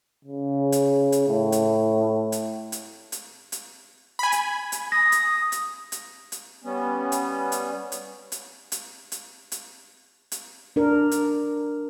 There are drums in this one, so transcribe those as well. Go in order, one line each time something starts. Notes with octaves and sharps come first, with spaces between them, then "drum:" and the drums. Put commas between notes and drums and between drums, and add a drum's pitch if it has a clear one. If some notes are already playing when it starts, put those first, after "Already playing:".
C#3
drum: hi-hat
drum: hi-hat
A2
drum: hi-hat
drum: hi-hat
drum: hi-hat
drum: hi-hat
drum: hi-hat
G#5 B5
drum: hi-hat
drum: hi-hat
D#6 A#6
drum: hi-hat
drum: hi-hat
drum: hi-hat
drum: hi-hat
G3 B3 C#4
drum: hi-hat
drum: hi-hat
drum: hi-hat
drum: hi-hat
drum: hi-hat
drum: hi-hat
drum: hi-hat
drum: hi-hat
D4 A#4
drum: hi-hat